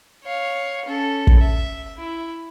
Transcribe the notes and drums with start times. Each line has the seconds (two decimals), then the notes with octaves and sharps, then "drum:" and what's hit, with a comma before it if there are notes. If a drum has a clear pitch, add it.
0.24 C#5 F5
0.85 C#4 A4
1.27 drum: kick
1.40 E5
1.98 E4